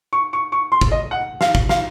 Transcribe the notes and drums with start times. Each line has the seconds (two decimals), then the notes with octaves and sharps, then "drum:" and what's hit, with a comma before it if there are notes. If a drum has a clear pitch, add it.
0.13 C#6
0.33 C#6
0.52 C#6
0.72 C6
0.81 drum: kick G#1
0.92 D#5
1.11 F#5
1.41 F5, drum: snare
1.55 drum: kick G#1
1.69 F5, drum: snare